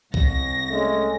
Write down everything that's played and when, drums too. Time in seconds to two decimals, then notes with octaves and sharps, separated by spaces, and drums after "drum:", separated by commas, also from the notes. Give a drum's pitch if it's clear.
0.14 C2 A#6, drum: kick B1
0.70 G#3 A3 C#4